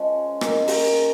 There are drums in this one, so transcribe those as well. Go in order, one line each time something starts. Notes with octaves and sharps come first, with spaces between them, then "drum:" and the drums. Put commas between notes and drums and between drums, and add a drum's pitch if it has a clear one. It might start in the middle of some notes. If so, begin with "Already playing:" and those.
Already playing: F3 G#3 C#4
D#3 A#3 C#4 G#4, drum: rim click
drum: open hi-hat